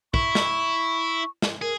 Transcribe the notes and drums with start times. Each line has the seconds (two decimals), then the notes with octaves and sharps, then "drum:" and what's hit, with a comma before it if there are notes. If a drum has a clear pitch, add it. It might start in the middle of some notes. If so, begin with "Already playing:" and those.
0.14 E4 C#6, drum: kick
0.35 drum: snare
1.42 drum: snare
1.62 G#4 A#4